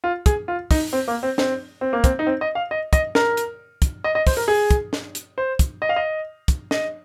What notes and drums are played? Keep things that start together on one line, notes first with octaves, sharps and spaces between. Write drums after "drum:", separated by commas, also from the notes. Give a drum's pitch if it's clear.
F4
G#4, drum: kick, hi-hat
F4
D#4, drum: kick, open hi-hat
C4
A#3
C4
C4, drum: snare
C4
A#3
C4, drum: kick, hi-hat
D#4
C4
D#5
F5
D#5
D#5, drum: kick, hi-hat
A#4, drum: snare
drum: hi-hat
drum: kick, hi-hat
D#5
D#5
C5, drum: kick, open hi-hat
A#4
G#4
drum: kick, hi-hat
drum: snare
drum: hi-hat
C5
drum: kick, hi-hat
D#5
F5
D#5
drum: kick, hi-hat
D#5, drum: snare